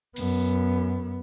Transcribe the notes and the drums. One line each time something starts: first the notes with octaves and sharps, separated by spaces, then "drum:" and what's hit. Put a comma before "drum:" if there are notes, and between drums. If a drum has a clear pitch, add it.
F#2 B3, drum: open hi-hat